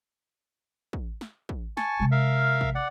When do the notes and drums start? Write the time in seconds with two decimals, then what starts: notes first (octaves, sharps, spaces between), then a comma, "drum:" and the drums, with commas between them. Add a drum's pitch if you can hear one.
0.93 drum: kick
1.21 drum: snare
1.49 drum: kick
1.77 G#5 A5 C#6, drum: snare
2.00 C3 G#3
2.11 A#4 E5 F5
2.61 drum: kick
2.75 D5 F#5